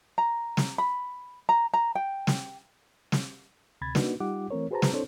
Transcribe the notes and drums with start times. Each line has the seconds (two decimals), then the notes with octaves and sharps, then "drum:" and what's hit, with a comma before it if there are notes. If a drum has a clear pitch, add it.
0.18 A#5
0.57 drum: snare
0.78 B5
1.49 A#5
1.74 A#5
1.95 G5
2.27 drum: snare
3.12 drum: snare
3.81 D2 C3 B5 G#6 A6
3.95 A#3 D4 D#4 F#4 B4, drum: snare
4.20 G3 D#4 F4 G4 F#5 D6
4.51 E3 A3 C4 A#4 C#5
4.71 F#4 G#4 B4 C5 A5 A#5
4.82 drum: snare
4.93 C4 D4 E4 A4 C5 C#5